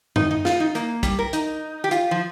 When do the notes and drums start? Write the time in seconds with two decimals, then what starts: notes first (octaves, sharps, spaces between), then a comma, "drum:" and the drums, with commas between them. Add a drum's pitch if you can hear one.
0.16 D#4, drum: tom F#2
0.31 D#4
0.45 F4, drum: snare
0.60 D#4
0.75 A#3, drum: hi-hat
1.03 G3, drum: kick, hi-hat
1.19 A#4
1.33 D#4, drum: hi-hat
1.84 G4
1.91 F4, drum: hi-hat
2.11 F3